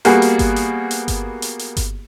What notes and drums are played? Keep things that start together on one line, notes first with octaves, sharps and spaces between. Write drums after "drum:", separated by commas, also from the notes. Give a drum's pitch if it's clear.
G3 A#3 B3 F#4 G#4, drum: hi-hat
drum: hi-hat
drum: kick G1, hi-hat
drum: hi-hat
drum: hi-hat
drum: kick G1, hi-hat
drum: hi-hat
drum: hi-hat
drum: kick G1, hi-hat